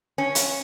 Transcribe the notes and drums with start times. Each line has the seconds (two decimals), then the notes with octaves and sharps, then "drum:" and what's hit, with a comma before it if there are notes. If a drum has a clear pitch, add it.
0.18 C#4
0.35 drum: hi-hat